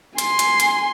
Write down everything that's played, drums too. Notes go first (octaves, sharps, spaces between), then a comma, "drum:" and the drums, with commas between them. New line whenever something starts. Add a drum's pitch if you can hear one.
G#5 C6, drum: hi-hat
drum: hi-hat
drum: hi-hat